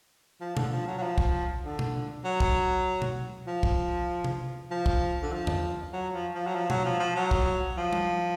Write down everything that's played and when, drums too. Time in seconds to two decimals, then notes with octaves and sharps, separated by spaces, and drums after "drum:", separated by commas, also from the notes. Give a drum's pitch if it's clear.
0.41 F3
0.57 D3, drum: tom B2
0.72 F3
0.87 F#3
0.98 F#3
1.02 F3
1.18 drum: kick
1.64 D3
1.79 drum: tom B2
2.25 F#3
2.40 drum: kick
3.02 drum: tom B2
3.47 F3
3.63 drum: kick
4.24 drum: tom C3
4.71 F3
4.86 drum: kick
5.23 D3
5.32 F3
5.47 drum: tom E2
5.93 F#3
6.14 F3
6.34 F3
6.47 F#3
6.55 F3
6.70 F#3, drum: tom B2
6.85 F3
7.00 F3
7.16 F#3
7.31 drum: kick
7.77 F3
7.93 drum: tom G3